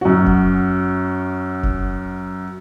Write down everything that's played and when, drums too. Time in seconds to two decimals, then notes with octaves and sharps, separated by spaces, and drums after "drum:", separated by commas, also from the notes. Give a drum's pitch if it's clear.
0.01 F#2 F#4
0.26 drum: kick F1
1.63 drum: kick F1